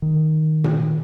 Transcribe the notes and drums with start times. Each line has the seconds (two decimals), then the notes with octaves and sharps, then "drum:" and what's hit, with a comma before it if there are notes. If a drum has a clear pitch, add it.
0.02 D#3
0.64 drum: tom A#2